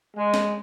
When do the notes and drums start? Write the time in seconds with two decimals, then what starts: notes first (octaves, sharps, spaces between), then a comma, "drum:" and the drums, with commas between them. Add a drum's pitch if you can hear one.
0.16 G#3
0.34 drum: snare